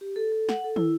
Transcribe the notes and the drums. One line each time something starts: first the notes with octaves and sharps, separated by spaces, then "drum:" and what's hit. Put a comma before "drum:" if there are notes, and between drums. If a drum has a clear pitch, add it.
G4
A4
A4
F#5, drum: snare
A4
E4, drum: tom